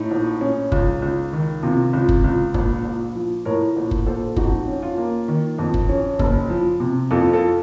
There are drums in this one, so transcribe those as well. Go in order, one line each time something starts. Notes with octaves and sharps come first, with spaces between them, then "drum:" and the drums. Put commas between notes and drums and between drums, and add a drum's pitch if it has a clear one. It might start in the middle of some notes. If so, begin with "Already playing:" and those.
Already playing: A2 D#4
A#1
C#4
C#2, drum: kick F#1
C#2
D#3
C3 F4
C#2
drum: kick F#1
C#2
A#1, drum: kick F#1
A#1
F3
A2 A#4 C#5
A#1
drum: kick F#1
A#1 A4 C5
F2 D#4 F#4, drum: kick F#1
C#4
F4
A#3
D#3
F2
drum: kick F#1
C#4
F#1, drum: kick F#1
F3
C3
F2 F4 A4
F4 A4